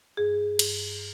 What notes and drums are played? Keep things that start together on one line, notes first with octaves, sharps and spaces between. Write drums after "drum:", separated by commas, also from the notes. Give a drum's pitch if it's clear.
G2 G#4
G2, drum: cymbal